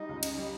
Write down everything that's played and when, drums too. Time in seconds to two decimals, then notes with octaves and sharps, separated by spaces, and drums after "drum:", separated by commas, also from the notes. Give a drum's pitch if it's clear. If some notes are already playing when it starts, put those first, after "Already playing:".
Already playing: G3 D#4
0.09 C#2
0.23 C#4, drum: cymbal
0.38 G3